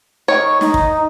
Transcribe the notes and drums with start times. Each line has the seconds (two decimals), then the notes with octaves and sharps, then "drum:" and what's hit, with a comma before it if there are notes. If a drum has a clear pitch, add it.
0.28 D#3 C#5
0.43 C#6
0.61 D#4, drum: snare
0.74 drum: kick